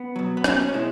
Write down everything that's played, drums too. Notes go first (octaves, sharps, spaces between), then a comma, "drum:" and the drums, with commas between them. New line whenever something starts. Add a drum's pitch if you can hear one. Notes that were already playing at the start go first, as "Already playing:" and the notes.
Already playing: B3
B2 F#3
B3
C#4, drum: rim click
C#4
B2 G#3 E4